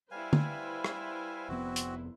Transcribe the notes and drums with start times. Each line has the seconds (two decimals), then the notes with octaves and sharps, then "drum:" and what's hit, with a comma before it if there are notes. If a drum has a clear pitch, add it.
0.11 G3 E4 B4 C5 F5 G#5
0.33 drum: tom
0.84 drum: rim click
1.49 F1 F2 B3 C4 F#4
1.76 drum: hi-hat